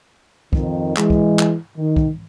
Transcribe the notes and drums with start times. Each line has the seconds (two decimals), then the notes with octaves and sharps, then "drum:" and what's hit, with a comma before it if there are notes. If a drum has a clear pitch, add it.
0.53 F2 D#3, drum: kick
0.97 E3 G#3, drum: clap
1.10 drum: kick
1.39 drum: clap
1.76 D#3
1.96 drum: kick